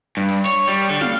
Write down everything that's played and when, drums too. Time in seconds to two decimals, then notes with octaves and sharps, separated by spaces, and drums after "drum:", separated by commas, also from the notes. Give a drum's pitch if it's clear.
0.17 G2
0.29 drum: cymbal
0.46 C#5, drum: hi-hat
0.68 G3
0.90 D3
1.01 F5, drum: tom